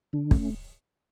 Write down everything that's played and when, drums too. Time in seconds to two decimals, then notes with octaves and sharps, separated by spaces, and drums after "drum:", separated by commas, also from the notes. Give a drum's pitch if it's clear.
0.13 D3 D4
0.31 A3 C#4, drum: kick